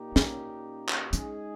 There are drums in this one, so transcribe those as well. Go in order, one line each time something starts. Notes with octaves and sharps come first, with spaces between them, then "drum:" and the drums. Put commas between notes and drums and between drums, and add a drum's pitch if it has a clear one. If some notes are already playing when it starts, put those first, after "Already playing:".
Already playing: A#2 A#3 D#4 G4
C#4, drum: snare
drum: clap
G#3 C#4 D#4 G#4 D#5, drum: hi-hat